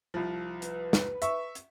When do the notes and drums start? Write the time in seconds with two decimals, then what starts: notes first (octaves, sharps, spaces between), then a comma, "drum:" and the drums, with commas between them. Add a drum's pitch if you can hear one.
0.14 C2 F3
0.62 B4, drum: hi-hat
0.93 drum: snare
1.22 E5 C#6, drum: hi-hat
1.55 drum: hi-hat